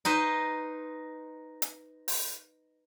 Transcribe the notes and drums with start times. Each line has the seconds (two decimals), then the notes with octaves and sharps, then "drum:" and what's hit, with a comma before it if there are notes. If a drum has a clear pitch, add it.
0.05 D#4 B4 C5
1.62 drum: hi-hat
2.08 drum: open hi-hat